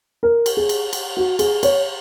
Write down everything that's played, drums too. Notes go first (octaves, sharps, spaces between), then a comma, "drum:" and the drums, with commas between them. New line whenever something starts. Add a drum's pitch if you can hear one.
A#4
drum: cymbal
G#4
drum: cymbal
drum: cymbal
F#4
G#4, drum: cymbal
C#5, drum: cymbal